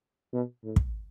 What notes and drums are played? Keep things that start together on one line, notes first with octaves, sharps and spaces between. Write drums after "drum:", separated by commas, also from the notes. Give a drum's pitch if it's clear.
B2
A2
drum: kick